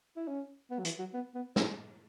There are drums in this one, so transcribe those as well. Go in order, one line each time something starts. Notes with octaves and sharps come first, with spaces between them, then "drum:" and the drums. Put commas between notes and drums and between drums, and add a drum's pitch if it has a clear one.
E4
C#4
B3
F#3
E3, drum: hi-hat
F#3
B3
B3
C#4, drum: snare